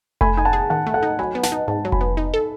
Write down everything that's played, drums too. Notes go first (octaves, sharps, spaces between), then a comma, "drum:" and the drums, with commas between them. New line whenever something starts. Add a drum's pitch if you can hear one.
A3 G#5 B5, drum: kick F1
D#4 G#5
F#5 A5
G#4
D#3 F#5 A5
A3
F#5 A5
D#4
F#3 G#5 B5
B3
F#5 A5, drum: snare
D#4
G#2 F#5 A5
F#3
G#5 B5, drum: kick F1
B3
D#4
A4